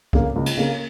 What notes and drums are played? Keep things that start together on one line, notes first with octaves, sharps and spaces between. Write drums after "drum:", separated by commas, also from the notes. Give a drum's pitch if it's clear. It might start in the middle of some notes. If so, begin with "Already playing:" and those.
C#3 A#3, drum: kick C2
C#2
drum: cymbal
C#3 A#3